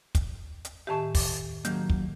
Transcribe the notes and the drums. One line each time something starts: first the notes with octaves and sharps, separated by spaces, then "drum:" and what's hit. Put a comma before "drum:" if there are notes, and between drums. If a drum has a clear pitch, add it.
drum: kick, hi-hat
drum: hi-hat
A2 D#3 G4 E5 G#5 A5
drum: kick, open hi-hat
D#3 F#3 A#3, drum: hi-hat
drum: kick